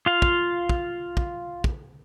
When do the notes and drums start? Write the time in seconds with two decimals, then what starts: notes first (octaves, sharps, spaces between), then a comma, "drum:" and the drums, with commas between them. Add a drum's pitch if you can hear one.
0.06 F4 F5
0.22 drum: kick
0.69 drum: kick
1.17 drum: kick
1.64 drum: kick